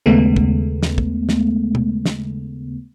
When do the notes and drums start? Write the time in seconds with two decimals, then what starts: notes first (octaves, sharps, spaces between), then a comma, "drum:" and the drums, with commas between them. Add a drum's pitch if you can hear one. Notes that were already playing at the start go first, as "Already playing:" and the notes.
0.06 D#2 C#3 G#3 A3 B3
0.36 drum: kick
0.83 drum: snare
0.98 drum: kick
1.29 drum: snare
1.75 drum: tom
2.06 drum: snare